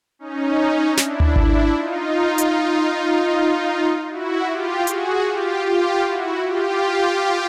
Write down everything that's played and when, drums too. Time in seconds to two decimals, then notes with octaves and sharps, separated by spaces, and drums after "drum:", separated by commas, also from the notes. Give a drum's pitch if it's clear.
0.19 C#4 D#4
0.97 D4 E4, drum: snare
1.20 drum: tom D2
1.36 D4 E4, drum: kick G#1
1.75 D#4 F4
2.38 drum: hi-hat
4.09 E4 F#4
4.49 F4 G4
4.87 F#4 G#4, drum: hi-hat
5.26 F4 G4
5.66 F4 G4
6.05 E4 F#4
6.44 F4 G4